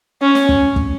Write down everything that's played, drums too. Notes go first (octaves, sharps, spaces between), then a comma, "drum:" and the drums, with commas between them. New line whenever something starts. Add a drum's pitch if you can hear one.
C#4
drum: snare
drum: kick
drum: kick